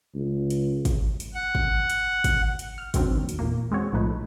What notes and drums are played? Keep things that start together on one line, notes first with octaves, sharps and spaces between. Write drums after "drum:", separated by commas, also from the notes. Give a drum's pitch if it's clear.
C#2
drum: hi-hat
drum: kick, hi-hat
drum: hi-hat
F#5
drum: kick
drum: hi-hat
drum: kick, hi-hat
drum: hi-hat
F6
E2 B2 D#3 F#3 C4 D4, drum: kick, hi-hat
D#2
drum: hi-hat
E2 A#2 A#3
G#3 C4 F#4 C#5
B1 A2 F3 A3 D#4 B4